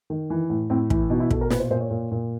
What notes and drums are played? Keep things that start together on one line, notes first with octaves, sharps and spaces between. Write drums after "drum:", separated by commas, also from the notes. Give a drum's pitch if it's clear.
D#3
E3
A2
A2 C4
E3 E4, drum: kick
B2 D#4
E4
B2 A4, drum: kick
A#4
A#2 B4, drum: snare
C5
A#2 C5
C#5
A#2
A#2